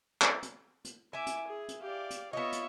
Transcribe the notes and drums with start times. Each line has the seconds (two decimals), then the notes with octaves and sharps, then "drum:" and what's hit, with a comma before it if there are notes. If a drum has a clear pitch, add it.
0.22 drum: clap
0.43 drum: hi-hat
0.85 drum: hi-hat
1.13 E4 E5 G#5 D6
1.26 drum: hi-hat
1.47 G#4
1.68 drum: hi-hat
1.82 G4 D5 F5
2.10 drum: hi-hat
2.33 B3 F4 C#5 D#5 E5 C#6
2.52 drum: hi-hat